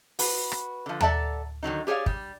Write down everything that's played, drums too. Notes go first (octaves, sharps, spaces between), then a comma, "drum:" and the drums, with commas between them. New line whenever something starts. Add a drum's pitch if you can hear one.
F#4 B4, drum: open hi-hat
drum: rim click
D3 F3
A4 D5 E5 F#5 A5 A#5, drum: tom
D3 D#3 F#3 D#4
G4 G#4 C#5 D5 F5
G3, drum: kick